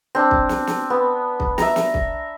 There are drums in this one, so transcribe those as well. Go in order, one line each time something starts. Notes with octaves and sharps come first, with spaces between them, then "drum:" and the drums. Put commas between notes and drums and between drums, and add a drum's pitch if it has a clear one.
C4 D4
drum: kick
drum: snare
drum: snare
B3
drum: kick
E5 A#5, drum: snare
drum: snare
drum: kick